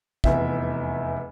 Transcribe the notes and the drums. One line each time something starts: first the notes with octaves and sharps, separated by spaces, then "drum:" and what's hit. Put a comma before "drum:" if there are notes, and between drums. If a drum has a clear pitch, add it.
F1 E2 E5, drum: kick